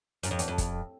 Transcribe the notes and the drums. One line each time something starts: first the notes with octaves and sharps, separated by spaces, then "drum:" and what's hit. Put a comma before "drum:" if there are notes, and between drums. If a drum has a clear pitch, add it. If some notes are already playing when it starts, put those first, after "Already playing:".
F#2, drum: hi-hat
F2
E2, drum: hi-hat
F2
drum: kick, hi-hat